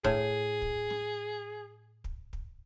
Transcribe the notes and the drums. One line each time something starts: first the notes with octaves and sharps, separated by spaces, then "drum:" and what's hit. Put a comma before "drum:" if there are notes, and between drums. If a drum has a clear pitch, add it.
A2 G#4, drum: kick
drum: kick
drum: snare
drum: kick
drum: kick